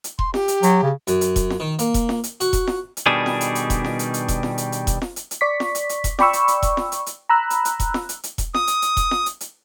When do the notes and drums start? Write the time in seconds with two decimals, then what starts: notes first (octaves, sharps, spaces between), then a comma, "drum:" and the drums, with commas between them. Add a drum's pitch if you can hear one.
0.04 drum: hi-hat
0.19 C6, drum: kick E1
0.34 G4, drum: snare F4
0.48 drum: hi-hat
0.63 F#3, drum: hi-hat
0.83 C#3
1.07 F#2, drum: hi-hat
1.21 drum: hi-hat
1.36 drum: kick E1, hi-hat
1.50 drum: snare F4
1.60 D#3
1.79 A#3, drum: hi-hat
1.94 drum: kick E1, hi-hat
2.09 drum: snare F4
2.24 drum: hi-hat
2.40 F#4, drum: hi-hat
2.53 drum: kick E1, hi-hat
2.67 drum: snare F4
2.97 drum: hi-hat
3.06 B2 D#3 G3 D4 G#4
3.26 drum: snare F4
3.41 drum: hi-hat
3.55 drum: hi-hat
3.70 drum: kick E1, hi-hat
3.85 drum: snare F4
3.99 drum: hi-hat
4.14 drum: hi-hat
4.28 drum: kick E1, hi-hat
4.43 drum: snare F4
4.58 drum: hi-hat
4.72 drum: hi-hat
4.87 drum: kick E1, hi-hat
5.02 drum: snare F4
5.16 drum: hi-hat
5.31 drum: hi-hat
5.41 D5 C#6 B6
5.60 drum: snare F4
5.75 drum: hi-hat
5.89 drum: hi-hat
6.04 drum: kick E1, hi-hat
6.19 D5 G5 B5 C#6 E6, drum: snare F4
6.33 drum: hi-hat
6.48 drum: hi-hat
6.63 drum: kick E1, hi-hat
6.77 drum: snare F4
6.92 drum: hi-hat
7.06 drum: hi-hat
7.29 A#5 B5 E6 F#6
7.50 drum: hi-hat
7.65 drum: hi-hat
7.80 drum: kick E1, hi-hat
7.94 drum: snare F4
8.09 drum: hi-hat
8.23 drum: hi-hat
8.38 drum: kick E1, hi-hat
8.54 D#6, drum: snare F4
8.67 drum: hi-hat
8.82 drum: hi-hat
8.97 drum: kick E1, hi-hat
9.11 drum: snare F4
9.26 drum: hi-hat
9.41 drum: hi-hat